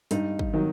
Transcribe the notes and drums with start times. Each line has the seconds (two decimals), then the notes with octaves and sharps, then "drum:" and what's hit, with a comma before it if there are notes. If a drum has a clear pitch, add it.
0.11 G2 D#4, drum: hi-hat
0.39 drum: kick
0.53 D#3 F#3